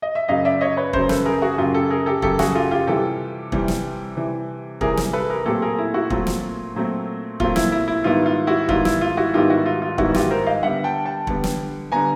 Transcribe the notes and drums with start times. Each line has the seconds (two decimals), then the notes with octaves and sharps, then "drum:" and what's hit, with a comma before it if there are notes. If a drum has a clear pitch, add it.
0.02 D#5
0.15 E5
0.28 F#2 C#3 F#3 D#5 F5
0.45 D5 E5
0.61 C#5 D#5
0.77 B4 C#5
0.93 F#2 C#3 F#3 A#4 C5, drum: kick
1.09 A4 B4, drum: snare
1.25 G#4 A#4
1.42 F#4 G#4
1.58 F#2 C#3 F#3 F4 G4
1.74 G4 A4
1.90 G#4 A#4
2.06 G4 A4
2.22 F#2 C#3 F#3 G4 A4, drum: kick
2.39 F#4 G#4, drum: snare
2.55 F4 G4
2.71 F4 G4
2.87 C3 E3 G3 G4 A4
3.52 C3 E3 G3, drum: kick
3.68 drum: snare
4.16 C3 E3 G3
4.81 C3 E3 G3 G#4 A#4, drum: kick
4.97 drum: snare
5.13 A4 B4
5.30 G#4 A#4
5.46 A#2 F#3 A3 C4 G4 A4
5.62 G#4 A#4
5.78 E4
5.94 E4 F#4
6.10 A#2 F#3 A3 C4 F4, drum: kick
6.27 drum: snare
6.75 A#2 F#3 A3 C4
7.40 A#2 F#3 A3 C4 F4, drum: kick
7.56 E4, drum: snare
7.72 E4
7.88 E4
8.04 G#2 D#3 G3 B3 E4 F4
8.26 F4
8.47 E4 F#4
8.69 G#2 D#3 G3 B3 E4 F4, drum: kick
8.85 E4, drum: snare
9.01 F4
9.17 E4 F#4
9.34 G#2 D#3 G3 B3 E4 F4 G4
9.50 E4 F#4
9.66 F4
9.82 F4
9.98 G#2 D#3 G3 B3 E4 F#4, drum: kick
10.14 F4 G4, drum: snare
10.30 A#4 C5
10.46 D#5 F5
10.63 D3 G3 B3 E5 F#5
10.84 G5 A5
11.06 G5 A5
11.27 D3 G3 B3, drum: kick
11.44 drum: snare
11.92 D3 G3 B3 G#5 A#5